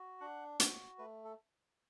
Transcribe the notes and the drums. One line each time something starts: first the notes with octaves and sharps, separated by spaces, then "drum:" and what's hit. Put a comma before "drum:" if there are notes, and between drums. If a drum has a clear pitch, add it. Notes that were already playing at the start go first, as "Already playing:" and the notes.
Already playing: F#4
D4 F#5
F#4, drum: hi-hat
A3 B4
A4